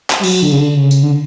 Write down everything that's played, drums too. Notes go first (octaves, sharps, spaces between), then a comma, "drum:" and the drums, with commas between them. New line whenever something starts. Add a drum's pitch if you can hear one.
drum: clap
G3
F#3, drum: cymbal
D3
C#3
D3
C#3
drum: tambourine
D3